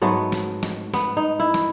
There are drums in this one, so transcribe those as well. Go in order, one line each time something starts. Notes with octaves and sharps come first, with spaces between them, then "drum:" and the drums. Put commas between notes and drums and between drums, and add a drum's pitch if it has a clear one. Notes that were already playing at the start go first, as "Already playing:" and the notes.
G#2 F#3 A3 B3
drum: snare
drum: snare
B3, drum: snare
D#4
E4
drum: snare